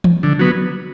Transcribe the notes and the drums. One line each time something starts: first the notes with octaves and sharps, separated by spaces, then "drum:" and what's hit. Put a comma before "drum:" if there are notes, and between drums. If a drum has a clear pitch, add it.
drum: tom E3
D3
F#3 B3